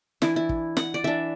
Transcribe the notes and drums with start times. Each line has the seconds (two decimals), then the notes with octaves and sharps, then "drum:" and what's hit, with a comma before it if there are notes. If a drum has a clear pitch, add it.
0.22 E3 D4 E4, drum: snare
0.36 E4
0.49 drum: kick
0.77 F#5, drum: snare
0.94 D5
1.04 E3 D4 E5